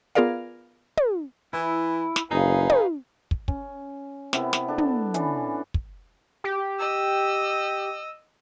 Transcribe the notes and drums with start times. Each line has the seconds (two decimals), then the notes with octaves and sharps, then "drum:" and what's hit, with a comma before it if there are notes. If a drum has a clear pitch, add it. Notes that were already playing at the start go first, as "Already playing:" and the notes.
0.15 B3 F4 G#4 A#4 D5 F5
0.97 drum: tom
1.53 E3 E4
2.16 drum: snare
2.31 F#1 D#4 G#4 B4 F5
2.70 drum: tom
3.31 drum: kick
3.48 C#4, drum: kick
4.33 C3 B3 E4 A#4, drum: snare
4.53 drum: snare
4.68 D4 A4
4.78 drum: tom
5.14 E3 C#4 D4, drum: hi-hat
5.74 drum: kick
6.44 G4
6.79 D#5 E6